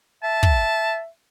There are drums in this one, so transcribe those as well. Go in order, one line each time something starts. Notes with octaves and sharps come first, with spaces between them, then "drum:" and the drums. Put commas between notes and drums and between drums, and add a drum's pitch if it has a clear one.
E5 A5
drum: kick